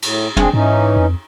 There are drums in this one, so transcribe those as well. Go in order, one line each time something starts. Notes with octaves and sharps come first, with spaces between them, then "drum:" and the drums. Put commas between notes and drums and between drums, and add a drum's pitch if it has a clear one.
A2, drum: cymbal
F1 C4 D4 G#4, drum: tom
G#2 E3 C#4 D#4
F2